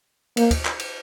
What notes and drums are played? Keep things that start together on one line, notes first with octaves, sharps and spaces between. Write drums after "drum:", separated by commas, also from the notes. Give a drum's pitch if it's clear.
A#3, drum: cymbal
drum: kick, cymbal
drum: clap
drum: cymbal